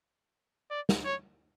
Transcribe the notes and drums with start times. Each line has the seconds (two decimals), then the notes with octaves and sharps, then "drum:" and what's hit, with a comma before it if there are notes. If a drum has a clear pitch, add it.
0.70 D5
0.89 drum: snare
1.05 C#5